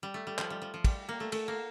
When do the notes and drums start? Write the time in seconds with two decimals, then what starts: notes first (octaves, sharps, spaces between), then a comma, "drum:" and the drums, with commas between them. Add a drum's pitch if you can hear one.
0.03 G3
0.14 A3
0.27 G3
0.38 F3, drum: clap
0.50 G3
0.62 F3
0.74 F3
0.85 G3, drum: kick, cymbal
1.09 A#3
1.20 A3
1.32 A3, drum: cymbal
1.48 A#3